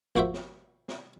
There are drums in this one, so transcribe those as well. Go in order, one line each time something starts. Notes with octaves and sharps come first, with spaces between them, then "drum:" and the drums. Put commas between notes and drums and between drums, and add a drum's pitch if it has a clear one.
A#1 A#3 F#4 C5 E5, drum: kick G#1
drum: snare
drum: snare